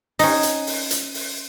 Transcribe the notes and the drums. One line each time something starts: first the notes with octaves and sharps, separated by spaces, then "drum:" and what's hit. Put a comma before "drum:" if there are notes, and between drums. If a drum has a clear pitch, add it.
C#4 D#4, drum: open hi-hat
drum: hi-hat
drum: open hi-hat
drum: hi-hat
drum: open hi-hat